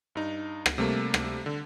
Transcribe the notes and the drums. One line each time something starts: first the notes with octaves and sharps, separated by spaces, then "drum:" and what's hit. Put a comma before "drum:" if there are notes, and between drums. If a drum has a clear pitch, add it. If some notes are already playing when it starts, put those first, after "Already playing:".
G2 D#4
drum: rim click
C3 G3 A3 A#3
drum: rim click
D3